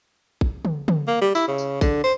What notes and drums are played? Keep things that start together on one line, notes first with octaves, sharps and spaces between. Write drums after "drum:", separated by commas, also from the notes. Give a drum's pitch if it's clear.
drum: kick
drum: tom
drum: tom
A#3
G3
E4, drum: tambourine
C#3
drum: tambourine
D3, drum: kick, tambourine
C5